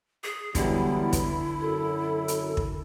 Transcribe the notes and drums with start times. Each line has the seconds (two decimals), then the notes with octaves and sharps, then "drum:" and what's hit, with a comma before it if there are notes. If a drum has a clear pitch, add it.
0.24 G#4
0.55 D3 E3 F#3 G3 B3 E4, drum: kick, hi-hat
1.13 drum: kick, hi-hat
1.62 F#2 A4
2.28 drum: hi-hat
2.57 drum: kick